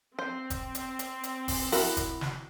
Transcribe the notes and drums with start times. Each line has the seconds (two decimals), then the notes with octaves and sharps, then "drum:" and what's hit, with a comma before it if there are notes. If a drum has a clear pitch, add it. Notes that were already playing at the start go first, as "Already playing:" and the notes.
0.19 C4 C5
0.50 drum: kick F1, hi-hat
0.75 drum: hi-hat
0.99 drum: hi-hat
1.24 drum: hi-hat
1.48 drum: kick F1, open hi-hat
1.72 E4 F#4 A#4, drum: open hi-hat
1.97 drum: kick F1, hi-hat
2.21 drum: snare